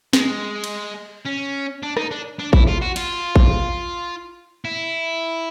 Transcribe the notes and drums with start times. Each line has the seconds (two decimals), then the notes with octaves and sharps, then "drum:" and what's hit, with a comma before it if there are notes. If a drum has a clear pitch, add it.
0.13 G#3, drum: snare
0.64 drum: cymbal
1.26 C#4
1.83 D4
1.97 D#4, drum: rim click
2.11 D4
2.39 D4
2.53 E4, drum: kick A1
2.67 F4
2.81 F#4
2.96 F4, drum: cymbal
3.36 drum: kick A1
4.65 E4